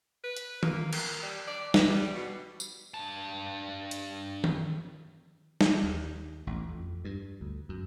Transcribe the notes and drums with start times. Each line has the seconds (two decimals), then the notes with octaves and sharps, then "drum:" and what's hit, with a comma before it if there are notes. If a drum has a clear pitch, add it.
0.24 B4
0.37 drum: hi-hat
0.63 A#3, drum: tom D#3
0.93 A#4, drum: cymbal
1.23 G3
1.47 D5
1.74 B4, drum: snare
1.90 G3
2.15 B2
2.60 drum: tambourine
2.94 G2 A5
3.91 drum: hi-hat
4.44 drum: tom D#3
5.61 drum: snare
5.84 D#2
6.47 A1
6.69 F2
7.05 G2
7.41 D2
7.69 F#2